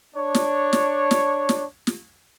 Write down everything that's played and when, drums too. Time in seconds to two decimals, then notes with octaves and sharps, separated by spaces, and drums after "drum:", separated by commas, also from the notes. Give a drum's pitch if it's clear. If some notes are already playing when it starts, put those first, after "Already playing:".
0.15 D4 C#5
0.35 drum: snare
0.73 drum: snare
1.11 drum: snare
1.49 drum: snare
1.87 drum: snare